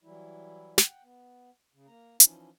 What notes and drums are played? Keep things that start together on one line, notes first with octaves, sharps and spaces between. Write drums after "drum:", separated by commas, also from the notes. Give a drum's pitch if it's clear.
E3 F#3 G3 E4
F#5 G5, drum: snare
B3
C#3
A#3 A#5
E3 F3 C#4 D#4, drum: hi-hat